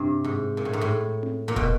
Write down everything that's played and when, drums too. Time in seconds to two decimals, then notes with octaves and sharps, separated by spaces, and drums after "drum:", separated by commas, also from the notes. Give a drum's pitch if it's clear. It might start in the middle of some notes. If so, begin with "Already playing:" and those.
Already playing: G2 C3
0.24 G#2
0.57 A#2
0.65 A2
0.73 G#2
0.81 A2
1.23 drum: tom C4
1.48 A#2
1.56 B2, drum: kick